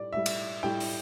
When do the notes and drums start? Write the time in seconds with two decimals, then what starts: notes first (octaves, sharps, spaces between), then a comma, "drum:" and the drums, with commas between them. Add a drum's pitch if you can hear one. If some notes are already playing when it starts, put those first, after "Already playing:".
Already playing: A2 G3 D5
0.13 A2 G3 E5
0.26 drum: cymbal
0.63 A2 G3 G5
0.80 drum: open hi-hat